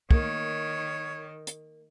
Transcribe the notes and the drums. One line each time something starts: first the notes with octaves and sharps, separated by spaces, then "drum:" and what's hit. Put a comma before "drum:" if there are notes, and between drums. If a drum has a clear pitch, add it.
D#3 A#3 C#5, drum: kick
drum: hi-hat